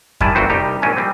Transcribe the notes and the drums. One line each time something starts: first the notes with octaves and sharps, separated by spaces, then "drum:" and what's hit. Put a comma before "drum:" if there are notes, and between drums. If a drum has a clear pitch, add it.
D#3 G3 E4 D5 G#5 A5, drum: kick F2
G1 A#2 C4 F#4 C5 E5
C2 G3 D#4 G4
A#1 G#2 C4 C#4 G#5
G3 C4